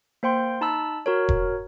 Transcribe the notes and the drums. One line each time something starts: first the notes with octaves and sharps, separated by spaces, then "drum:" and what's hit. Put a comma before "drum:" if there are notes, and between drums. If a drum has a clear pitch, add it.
A#3 C5 G5 C6
D#4 A5 B5 E6
F#4 A#4 C#5
drum: kick E1